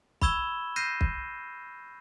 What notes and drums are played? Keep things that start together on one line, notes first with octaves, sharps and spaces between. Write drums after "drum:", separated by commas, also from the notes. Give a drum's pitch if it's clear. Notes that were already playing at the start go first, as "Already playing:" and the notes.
B5 C#6 E6 G#6 E7 G7, drum: kick
F6 G6 A#6 C7 D#7 E7
drum: kick